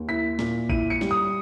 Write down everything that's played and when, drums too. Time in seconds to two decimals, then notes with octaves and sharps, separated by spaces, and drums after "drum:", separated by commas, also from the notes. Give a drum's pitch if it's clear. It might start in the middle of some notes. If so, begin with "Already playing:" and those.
Already playing: D#2
0.08 E4 B6
0.39 A#2, drum: snare
0.69 E4 D#7, drum: kick A1
0.90 C#7
1.01 G3, drum: snare
1.11 D#6